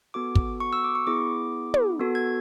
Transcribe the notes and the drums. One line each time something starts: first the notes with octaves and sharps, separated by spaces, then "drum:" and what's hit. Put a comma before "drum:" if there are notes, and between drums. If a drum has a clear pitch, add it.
B3 F#4 A4 D6
drum: kick
C#6
E6
D6
C#6
B3 E4 G#4 D6
drum: tom
B3 F#4 A4
G#6